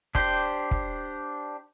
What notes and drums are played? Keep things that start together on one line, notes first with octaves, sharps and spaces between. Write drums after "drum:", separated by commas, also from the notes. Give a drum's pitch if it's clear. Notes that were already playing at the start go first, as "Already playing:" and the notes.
D4 G4 C5, drum: kick
drum: kick